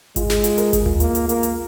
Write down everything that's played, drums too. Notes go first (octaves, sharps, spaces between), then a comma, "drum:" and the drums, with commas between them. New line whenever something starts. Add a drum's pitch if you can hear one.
G#3 F4, drum: kick G#1, hi-hat
G#4, drum: snare
F4, drum: hi-hat
A#4, drum: hi-hat
G#4, drum: kick G#1, hi-hat
F4, drum: tom D2
A#3 F4, drum: hi-hat
drum: hi-hat
A#3, drum: hi-hat
drum: hi-hat